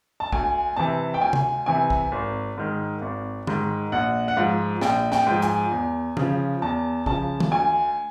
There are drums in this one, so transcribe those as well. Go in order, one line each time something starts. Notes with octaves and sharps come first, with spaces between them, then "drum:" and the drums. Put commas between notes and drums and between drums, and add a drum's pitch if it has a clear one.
A5
D2 G#5, drum: kick
C3 E3 A5
G5
D2 G#5
drum: tom C3
C3 E3 G#5
drum: kick
G#1
G#2 D#3
G#1
G#2 D#3, drum: tom
A#1 F#5
F#5
G#2 F3 F5
A#1 G5, drum: snare
G5, drum: snare
G#2 F3
G#5, drum: hi-hat
E2
C#3 F3, drum: tom
E2 A5
C#3 F3 A5, drum: kick
drum: tom D#3
D2 G#5